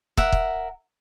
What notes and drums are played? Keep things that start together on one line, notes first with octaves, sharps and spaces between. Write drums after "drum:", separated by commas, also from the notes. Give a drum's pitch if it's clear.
A#4 E5 F#5, drum: kick
drum: kick